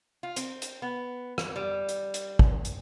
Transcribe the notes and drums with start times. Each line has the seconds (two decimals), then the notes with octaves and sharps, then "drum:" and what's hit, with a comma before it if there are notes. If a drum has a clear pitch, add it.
0.23 F4
0.36 C4, drum: hi-hat
0.62 drum: hi-hat
0.82 B3
1.38 drum: rim click
1.56 G3
1.89 drum: hi-hat
2.14 drum: hi-hat
2.39 drum: kick
2.65 drum: hi-hat